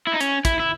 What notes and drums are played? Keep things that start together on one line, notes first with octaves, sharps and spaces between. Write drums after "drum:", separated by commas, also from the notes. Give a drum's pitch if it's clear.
E4
D#4
C#4, drum: hi-hat
E4, drum: kick, hi-hat
E4